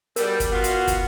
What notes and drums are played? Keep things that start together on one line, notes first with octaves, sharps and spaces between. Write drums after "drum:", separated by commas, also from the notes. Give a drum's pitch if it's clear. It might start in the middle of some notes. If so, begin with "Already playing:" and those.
B2 G3 A#4, drum: hi-hat
drum: kick, hi-hat
B3 F4 F#4 F5
drum: hi-hat
drum: kick, hi-hat